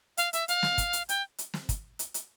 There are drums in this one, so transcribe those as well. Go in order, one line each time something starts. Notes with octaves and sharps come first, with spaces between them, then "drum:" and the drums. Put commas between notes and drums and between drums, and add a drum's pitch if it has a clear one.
F5, drum: hi-hat
E5, drum: hi-hat
F5, drum: hi-hat
drum: snare
drum: kick, hi-hat
drum: hi-hat
G5, drum: hi-hat
drum: hi-hat
drum: snare
drum: kick, hi-hat
drum: hi-hat
drum: hi-hat